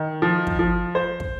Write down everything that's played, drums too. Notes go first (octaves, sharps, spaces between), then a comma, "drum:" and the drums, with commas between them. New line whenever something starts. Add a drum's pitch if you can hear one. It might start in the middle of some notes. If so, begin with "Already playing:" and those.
Already playing: D#3
F3
drum: kick
F3
C5
drum: kick